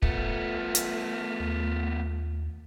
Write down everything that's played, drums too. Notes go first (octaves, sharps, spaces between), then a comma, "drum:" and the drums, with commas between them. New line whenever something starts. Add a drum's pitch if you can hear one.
A3 B3 F4, drum: kick
drum: hi-hat
D#2